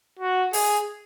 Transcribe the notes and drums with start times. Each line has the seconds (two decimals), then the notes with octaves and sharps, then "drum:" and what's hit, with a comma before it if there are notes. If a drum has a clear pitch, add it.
0.19 F#4
0.53 G#4, drum: open hi-hat